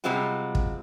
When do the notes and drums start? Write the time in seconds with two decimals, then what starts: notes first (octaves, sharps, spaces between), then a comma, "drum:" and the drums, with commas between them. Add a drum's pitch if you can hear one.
0.04 C3 G3 G#3 C4 F4 F#4
0.55 drum: kick